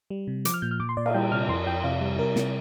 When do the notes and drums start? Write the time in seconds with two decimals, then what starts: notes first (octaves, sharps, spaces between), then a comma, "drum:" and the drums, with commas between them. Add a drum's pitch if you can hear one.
0.10 G3
0.27 C3
0.45 F3 D6, drum: hi-hat
0.54 F6
0.62 A#2 G6
0.71 F6
0.80 A#2 D6
0.89 C6
0.97 A#2 D5
1.06 F5, drum: cymbal
1.14 G3 G5
1.32 C3 F6
1.49 F2 C6
1.67 F2 G5
1.84 C3 F5
2.01 G3
2.19 C3 A#4
2.36 C3, drum: snare